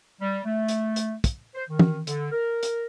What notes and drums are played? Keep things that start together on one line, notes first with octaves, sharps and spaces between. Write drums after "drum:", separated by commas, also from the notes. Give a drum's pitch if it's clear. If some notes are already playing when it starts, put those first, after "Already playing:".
G3
A3
drum: hi-hat
drum: hi-hat
drum: kick, hi-hat
C5
D#3
drum: tom E3
D3, drum: hi-hat
A#4
drum: hi-hat